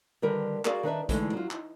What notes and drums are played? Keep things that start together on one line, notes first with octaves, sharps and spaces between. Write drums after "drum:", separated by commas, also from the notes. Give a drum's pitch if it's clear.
D3 D#3 G3 A#4 B4
F#4 G#4 A#4 D5 F5, drum: clap
D#3 D4 B4 E5
D3 E3 G#3 A3 D4 D#4, drum: kick, hi-hat
F#3 F4
D#4, drum: clap